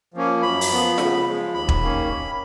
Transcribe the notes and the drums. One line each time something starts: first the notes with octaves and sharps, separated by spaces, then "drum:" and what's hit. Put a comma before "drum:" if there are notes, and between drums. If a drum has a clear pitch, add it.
F3 A#3 C#4
F#2 B5
drum: open hi-hat
F3 B3
C#3, drum: snare F4
F3 G#3
D#2 B5
drum: kick E1
D#3 A#3 C#4